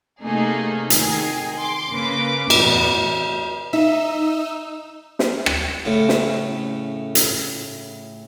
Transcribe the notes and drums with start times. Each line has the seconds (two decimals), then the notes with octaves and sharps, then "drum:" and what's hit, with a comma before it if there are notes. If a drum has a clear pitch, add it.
0.22 C3 A3 A#3 D#4 G#4
0.90 D#3 G#4, drum: hi-hat
1.57 C6 D6
1.91 C#3 A#3 B4 D6
2.50 E2 A2 C3 B3, drum: cymbal
3.73 D#4 E5 E6
5.19 drum: snare
5.46 drum: rim click
5.85 A2 C#3
6.09 drum: snare
7.15 drum: hi-hat